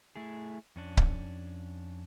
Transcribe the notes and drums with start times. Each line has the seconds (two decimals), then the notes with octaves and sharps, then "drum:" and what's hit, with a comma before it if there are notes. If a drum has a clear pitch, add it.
0.16 A3 E4 G#4
0.76 F2 C#4 D4
0.97 drum: kick C#1